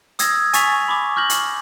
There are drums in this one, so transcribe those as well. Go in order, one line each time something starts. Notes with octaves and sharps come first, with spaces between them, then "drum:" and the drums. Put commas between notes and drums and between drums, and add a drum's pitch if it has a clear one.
D#6 E6 G#6 A#6, drum: hi-hat
G#5 C#6 A6 B6 F7, drum: hi-hat
B5 C#6 D6
C#6 F6 G6 A#6 F#7
drum: hi-hat